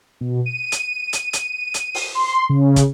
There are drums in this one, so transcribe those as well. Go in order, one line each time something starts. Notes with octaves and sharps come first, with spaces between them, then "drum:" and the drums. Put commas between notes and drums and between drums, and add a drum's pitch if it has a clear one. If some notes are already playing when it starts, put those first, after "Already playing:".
B2
D#7
drum: hi-hat
drum: hi-hat
drum: hi-hat
drum: hi-hat
drum: open hi-hat
C6
C#3
drum: kick, hi-hat